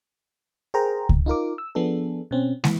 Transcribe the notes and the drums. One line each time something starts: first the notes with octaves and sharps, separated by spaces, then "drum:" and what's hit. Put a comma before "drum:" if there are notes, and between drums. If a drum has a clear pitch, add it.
G#4 A#4 C5 G5 A#5
drum: kick C#2
D#4 F4 A#4 D6
E6
F3 B3 D4 G#4 A4
B2 C4 C#4
E3, drum: snare